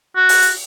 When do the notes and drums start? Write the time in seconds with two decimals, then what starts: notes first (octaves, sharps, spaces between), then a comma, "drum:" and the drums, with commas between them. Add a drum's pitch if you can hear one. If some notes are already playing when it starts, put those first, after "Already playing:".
0.16 F#4
0.29 drum: open hi-hat
0.42 drum: hi-hat